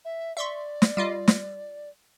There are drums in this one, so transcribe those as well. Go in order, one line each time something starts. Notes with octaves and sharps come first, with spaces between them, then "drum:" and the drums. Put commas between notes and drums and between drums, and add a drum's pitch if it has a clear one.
E5
D5 E5 C6 C#6
drum: snare
G3 F4 D#5
drum: snare